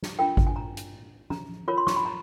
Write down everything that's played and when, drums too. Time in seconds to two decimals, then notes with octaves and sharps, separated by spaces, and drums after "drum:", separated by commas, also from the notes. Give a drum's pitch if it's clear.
0.02 drum: snare
0.19 D4 F4 A#4 G5
0.37 drum: kick G#1
0.47 G#5
0.56 A#5
0.77 drum: hi-hat
1.30 A#5, drum: tom F3
1.68 F4 A#4 C#5 B5
1.77 C6
1.87 C#6, drum: snare
1.96 B5
2.05 A#5